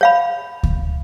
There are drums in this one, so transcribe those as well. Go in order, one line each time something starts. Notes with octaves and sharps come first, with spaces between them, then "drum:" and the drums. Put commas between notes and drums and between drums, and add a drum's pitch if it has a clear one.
C#5 F5 B5
drum: kick D2